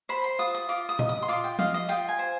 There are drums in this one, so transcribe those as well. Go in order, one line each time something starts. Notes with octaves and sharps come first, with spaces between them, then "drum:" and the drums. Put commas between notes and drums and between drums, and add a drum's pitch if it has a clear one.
C5 B5
C6
F4 D#6
D#6
F4 D6
D#6
D#5, drum: tom A#2
D#6
C6
F4 D6
G5
D#5 F5, drum: tom F3
D#5
F4 G5
G#5
C5